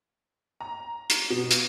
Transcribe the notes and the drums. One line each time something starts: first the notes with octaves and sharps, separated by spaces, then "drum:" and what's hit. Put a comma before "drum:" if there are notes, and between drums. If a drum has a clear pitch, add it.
A#5
drum: hi-hat
B2
drum: hi-hat